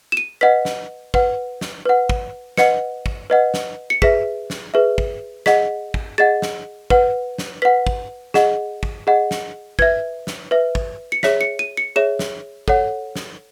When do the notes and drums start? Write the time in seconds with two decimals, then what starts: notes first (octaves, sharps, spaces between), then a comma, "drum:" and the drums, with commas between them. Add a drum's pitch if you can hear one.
0.12 E7
0.17 D#7
0.41 B4 D#5 F#5 B6
0.65 drum: snare
1.14 B4 F#5, drum: kick
1.61 drum: snare
1.85 B4 F#5
2.09 drum: kick
2.57 B4 D#5 F#5 C#7, drum: snare
3.06 drum: kick
3.30 B4 D#5 F#5
3.54 drum: snare
3.90 C#7
4.02 G#4 B4 E5 B6, drum: kick
4.50 drum: snare
4.74 G#4 B4 E5
4.98 drum: kick
5.46 G#4 D#5 F#5 B6, drum: snare
5.94 drum: kick
6.18 G#4 D#5 F#5 A6
6.42 drum: snare
6.90 B4 F#5, drum: kick
7.38 drum: snare
7.62 B4 F#5 B6
7.87 drum: kick
8.34 G#4 D#5 F#5, drum: snare
8.83 drum: kick
9.07 G#4 D#5 F#5
9.31 drum: snare
9.79 B4 E5 G#6, drum: kick
10.27 drum: snare
10.51 B4 E5
10.75 drum: kick
11.12 C#7
11.23 G#4 C#5 E5 B6, drum: snare
11.41 C#7
11.59 D#7
11.77 C#7
11.96 G#4 C#5 E5 E7
12.19 drum: snare
12.68 A4 C#5 F#5, drum: kick
13.16 drum: snare